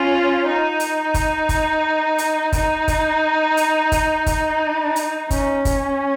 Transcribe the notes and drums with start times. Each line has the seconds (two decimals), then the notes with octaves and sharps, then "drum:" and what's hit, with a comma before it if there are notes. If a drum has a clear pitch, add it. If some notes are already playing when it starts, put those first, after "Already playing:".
Already playing: C#4 F4
0.45 D#4
0.80 drum: hi-hat
1.14 drum: kick, hi-hat
1.49 drum: kick, hi-hat
2.18 drum: hi-hat
2.53 D#4, drum: kick, hi-hat
2.88 drum: kick, hi-hat
3.57 drum: hi-hat
3.92 drum: kick, hi-hat
4.26 drum: kick, hi-hat
4.96 drum: hi-hat
5.31 C#4, drum: kick, hi-hat
5.65 drum: kick, hi-hat